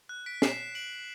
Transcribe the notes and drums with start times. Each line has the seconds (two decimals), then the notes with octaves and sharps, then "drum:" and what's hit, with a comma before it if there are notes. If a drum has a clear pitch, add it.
0.09 F#6
0.26 B6 D7
0.42 C7 E7, drum: snare
0.75 D7 F#7